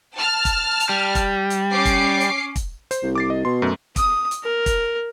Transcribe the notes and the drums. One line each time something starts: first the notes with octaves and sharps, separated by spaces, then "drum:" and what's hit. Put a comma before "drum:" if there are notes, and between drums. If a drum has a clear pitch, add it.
A5 F6
drum: kick, hi-hat
drum: hi-hat
G3
drum: kick, hi-hat
drum: hi-hat
C#4 D6 C7
drum: kick, hi-hat
drum: hi-hat
drum: kick, hi-hat
C5, drum: hi-hat
C2
D6 A6 C7
D#5
B2 C6
F#2 F#3 A3
D#6, drum: kick, hi-hat
drum: hi-hat
A#4
drum: kick, hi-hat